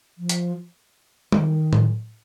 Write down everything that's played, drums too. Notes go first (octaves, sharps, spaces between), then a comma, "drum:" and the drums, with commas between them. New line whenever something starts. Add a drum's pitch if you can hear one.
F3
drum: hi-hat
D#3, drum: tom
drum: tom A2